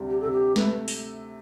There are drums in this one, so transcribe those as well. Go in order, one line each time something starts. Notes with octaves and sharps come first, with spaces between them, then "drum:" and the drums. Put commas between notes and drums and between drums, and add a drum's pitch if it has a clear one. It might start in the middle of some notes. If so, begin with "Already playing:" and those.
Already playing: D2 C3 G3
G4
C3 A4
G4
A3 B4, drum: snare
drum: open hi-hat